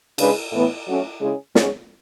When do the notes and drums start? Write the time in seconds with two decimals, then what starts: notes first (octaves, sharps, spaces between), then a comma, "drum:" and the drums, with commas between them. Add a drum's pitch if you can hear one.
0.18 C#3 G#3 D4 G#4 B4, drum: cymbal
0.52 A2 E3 B3
0.87 F#3 A3 C#4
1.21 C#3 G#3 C#4 E4 G#4
1.55 G#2 G#3 C#4 G#4 C#5, drum: snare